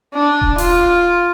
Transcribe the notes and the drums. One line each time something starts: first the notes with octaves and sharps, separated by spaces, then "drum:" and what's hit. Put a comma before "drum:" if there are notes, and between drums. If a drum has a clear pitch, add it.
D4
drum: kick D#1
F4, drum: open hi-hat